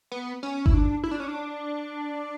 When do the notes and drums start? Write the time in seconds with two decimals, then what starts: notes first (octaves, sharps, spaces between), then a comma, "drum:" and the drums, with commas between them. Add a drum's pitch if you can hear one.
0.12 B3
0.43 C#4
0.66 E4, drum: kick G1
0.74 D4
1.03 E4
1.11 D4
1.20 C#4
1.28 D4